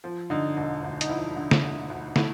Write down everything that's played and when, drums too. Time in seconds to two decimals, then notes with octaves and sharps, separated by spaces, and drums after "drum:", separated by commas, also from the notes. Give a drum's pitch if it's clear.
0.04 F3
0.30 D3 D#4
0.57 E1 D#4
0.83 D2
1.01 D#4, drum: hi-hat
1.09 F3 E4
1.36 D3
1.51 drum: snare
1.63 E1
1.90 D2
2.16 A3 E4, drum: snare